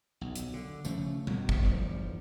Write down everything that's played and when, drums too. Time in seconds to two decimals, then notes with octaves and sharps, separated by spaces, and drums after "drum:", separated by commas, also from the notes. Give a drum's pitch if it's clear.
0.21 B1
0.36 drum: hi-hat
0.53 D3
0.85 C#3 F3 A3, drum: tambourine
1.27 D2 B2, drum: tom G3
1.49 drum: kick
1.63 G1 E2 F3 G3